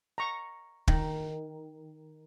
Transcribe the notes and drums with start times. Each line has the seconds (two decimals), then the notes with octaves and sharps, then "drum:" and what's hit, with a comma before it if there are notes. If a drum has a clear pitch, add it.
0.18 A#5 C#6
0.88 D#3, drum: kick